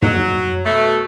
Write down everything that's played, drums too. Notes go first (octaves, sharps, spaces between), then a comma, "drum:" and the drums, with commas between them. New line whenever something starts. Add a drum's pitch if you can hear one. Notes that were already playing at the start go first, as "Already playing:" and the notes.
F#3, drum: tom
B2 A3